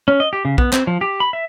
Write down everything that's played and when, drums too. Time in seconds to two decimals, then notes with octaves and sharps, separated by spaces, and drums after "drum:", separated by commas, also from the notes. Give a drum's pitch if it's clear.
0.08 C#4
0.20 D#5
0.33 G4
0.45 C#3
0.58 B3, drum: kick
0.73 C4, drum: clap
0.87 F3
1.01 G4
1.20 B5
1.33 E5